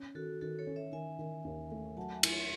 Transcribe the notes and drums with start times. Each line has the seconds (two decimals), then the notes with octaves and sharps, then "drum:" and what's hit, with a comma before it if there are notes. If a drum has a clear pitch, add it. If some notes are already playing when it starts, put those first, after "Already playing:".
Already playing: C#4
0.15 D#3 F#4 A4
0.41 D#3 F#4 A4
0.59 A4 C#5
0.67 C#4
0.76 C#5 E5
0.92 D#3 E5 G#5
1.19 D#3
1.45 D#2
1.72 A3
1.97 F#3 F#5 A5
2.14 E5 G#5
2.23 E4, drum: cymbal
2.32 C#5 E5